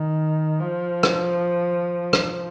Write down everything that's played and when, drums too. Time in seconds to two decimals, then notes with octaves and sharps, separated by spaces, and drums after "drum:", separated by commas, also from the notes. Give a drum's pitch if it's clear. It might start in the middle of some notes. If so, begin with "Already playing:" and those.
Already playing: D#3
0.59 F3
1.03 drum: rim click
2.13 drum: rim click